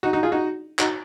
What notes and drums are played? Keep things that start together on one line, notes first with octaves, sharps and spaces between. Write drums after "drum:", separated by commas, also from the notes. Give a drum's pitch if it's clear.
D#4 F#4
D#4 F#4
F4 G#4
D#4 F#4
D#4 F#4, drum: clap